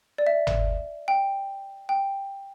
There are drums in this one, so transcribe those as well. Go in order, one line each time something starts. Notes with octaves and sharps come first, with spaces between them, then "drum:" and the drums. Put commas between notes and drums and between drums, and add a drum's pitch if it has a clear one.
D5
E5
drum: tom
G5
G5